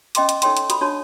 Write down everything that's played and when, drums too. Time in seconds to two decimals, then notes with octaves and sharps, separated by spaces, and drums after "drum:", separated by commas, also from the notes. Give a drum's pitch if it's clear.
0.15 C#4 D#5 G5 C6 D6, drum: hi-hat
0.29 drum: hi-hat
0.42 D#4 A4 C#5 G5 C6, drum: hi-hat
0.57 drum: hi-hat
0.70 F#4 B5 D#6, drum: hi-hat
0.81 D4 F#4 C#5 A5